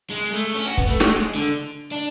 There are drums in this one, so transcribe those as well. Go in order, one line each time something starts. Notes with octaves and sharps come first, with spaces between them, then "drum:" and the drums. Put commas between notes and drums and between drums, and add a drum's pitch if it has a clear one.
G#3
A3
C#4
F#4
B3, drum: kick
A3
A3, drum: snare
G#3
D3
D4